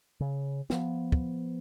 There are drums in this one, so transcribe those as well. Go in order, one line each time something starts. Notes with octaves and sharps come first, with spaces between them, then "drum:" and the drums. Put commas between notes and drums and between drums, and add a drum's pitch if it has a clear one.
C#3
F3 B3, drum: snare
drum: kick